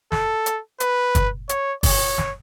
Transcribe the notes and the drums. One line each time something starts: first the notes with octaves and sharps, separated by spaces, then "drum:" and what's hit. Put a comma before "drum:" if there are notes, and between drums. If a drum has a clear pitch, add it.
A4, drum: snare
drum: hi-hat
B4, drum: hi-hat
drum: kick, hi-hat
C#5, drum: hi-hat
C#5, drum: kick, open hi-hat
drum: snare